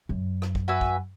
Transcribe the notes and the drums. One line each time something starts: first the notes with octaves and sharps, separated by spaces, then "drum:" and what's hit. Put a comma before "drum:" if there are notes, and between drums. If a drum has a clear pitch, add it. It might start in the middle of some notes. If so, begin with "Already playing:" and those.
F#2
drum: rim click
drum: kick
F#4 B4 E5 G#5
drum: kick